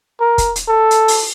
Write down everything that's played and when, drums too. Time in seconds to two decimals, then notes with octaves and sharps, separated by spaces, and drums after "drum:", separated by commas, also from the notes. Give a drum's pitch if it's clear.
0.20 A#4
0.38 drum: kick, hi-hat
0.56 drum: hi-hat
0.68 A4
0.91 drum: hi-hat
1.08 drum: open hi-hat